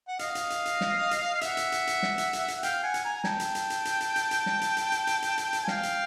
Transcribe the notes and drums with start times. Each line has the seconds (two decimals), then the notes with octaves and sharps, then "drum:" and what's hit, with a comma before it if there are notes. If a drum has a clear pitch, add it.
0.08 F#5
0.19 D#5 F5, drum: hi-hat
0.35 drum: hi-hat
0.50 drum: hi-hat
0.66 drum: hi-hat
0.81 drum: snare
1.11 drum: hi-hat
1.34 F5
1.41 E5 F#5, drum: hi-hat
1.57 drum: hi-hat
1.72 drum: hi-hat
1.87 drum: hi-hat
2.03 drum: snare
2.18 drum: hi-hat
2.33 drum: hi-hat
2.48 drum: hi-hat
2.63 F5 G5, drum: hi-hat
2.83 F#5 G#5
2.94 drum: hi-hat
3.04 G#5 A#5
3.16 G#5
3.24 G5 A5, drum: snare
3.40 drum: hi-hat
3.55 drum: hi-hat
3.70 drum: hi-hat
3.85 drum: hi-hat
4.01 drum: hi-hat
4.16 drum: hi-hat
4.31 drum: hi-hat
4.46 drum: snare
4.61 drum: hi-hat
4.77 drum: hi-hat
4.92 drum: hi-hat
5.07 drum: hi-hat
5.22 drum: hi-hat
5.38 drum: hi-hat
5.53 drum: hi-hat
5.63 G#5
5.68 F5 G5, drum: snare
5.83 drum: hi-hat